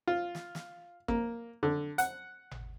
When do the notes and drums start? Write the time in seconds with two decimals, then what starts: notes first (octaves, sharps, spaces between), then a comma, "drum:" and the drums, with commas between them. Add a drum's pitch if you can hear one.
0.07 F4
0.35 drum: snare
0.55 drum: snare
1.08 A#3, drum: kick
1.63 D3
1.98 F#5, drum: hi-hat
2.51 drum: tom G#1